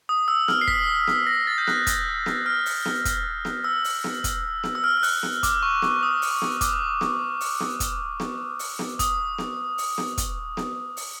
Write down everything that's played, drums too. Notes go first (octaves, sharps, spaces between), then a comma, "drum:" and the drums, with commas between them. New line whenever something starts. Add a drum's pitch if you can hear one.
D#6
E6
F6, drum: snare B3
C7
B6, drum: kick
drum: snare B3
A#6
A6
G6
F#6, drum: snare B3
drum: kick, hi-hat
drum: snare B3
F6
drum: open hi-hat
drum: snare B3
drum: kick, hi-hat
drum: snare B3
E6
drum: open hi-hat
drum: snare B3
drum: kick, hi-hat
drum: snare B3
E6
F6
F6
F#6, drum: open hi-hat
drum: snare B3
D6, drum: kick, hi-hat
C#6
C#6, drum: snare B3
D#6
drum: open hi-hat
C#6
drum: snare B3
D6, drum: kick, hi-hat
drum: snare B3
drum: open hi-hat
drum: snare B3
drum: kick, hi-hat
drum: snare B3
drum: open hi-hat
drum: snare B3
D#6, drum: kick, hi-hat
drum: snare B3
drum: open hi-hat
drum: snare B3
drum: kick, hi-hat
drum: snare B3
drum: open hi-hat